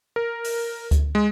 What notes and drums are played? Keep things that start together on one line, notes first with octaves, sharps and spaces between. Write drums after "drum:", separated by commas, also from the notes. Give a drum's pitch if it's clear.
A#4
drum: open hi-hat
drum: kick D2, hi-hat
G#3